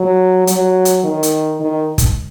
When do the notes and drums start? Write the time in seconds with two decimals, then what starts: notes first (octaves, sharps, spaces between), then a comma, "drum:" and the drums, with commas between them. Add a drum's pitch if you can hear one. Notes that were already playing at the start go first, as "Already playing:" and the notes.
Already playing: F#3
0.47 F#3, drum: hi-hat
0.85 drum: hi-hat
1.04 D#3
1.23 drum: hi-hat
1.60 D#3
1.98 drum: kick, hi-hat